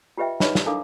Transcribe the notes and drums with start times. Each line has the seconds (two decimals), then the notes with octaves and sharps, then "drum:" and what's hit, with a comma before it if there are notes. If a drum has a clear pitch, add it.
0.18 F4 G4 B4 D#5 E5 G5
0.40 D#4 B4 C#5 D#5 B5, drum: snare
0.55 drum: snare
0.66 D4 E4 A4 A#4 F5 D6